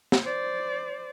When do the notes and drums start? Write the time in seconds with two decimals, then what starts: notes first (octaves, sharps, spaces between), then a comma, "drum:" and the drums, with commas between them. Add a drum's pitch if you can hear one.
0.12 drum: snare
0.23 C5 D5